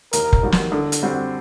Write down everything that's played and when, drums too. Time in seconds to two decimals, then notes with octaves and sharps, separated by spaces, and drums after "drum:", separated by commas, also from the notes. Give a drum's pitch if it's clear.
0.13 D#2 A#4, drum: hi-hat
0.33 drum: kick F1
0.43 D#3 G3 A#3 F#4
0.52 drum: snare
0.72 D3
0.92 drum: hi-hat
1.03 G3 C4 F#4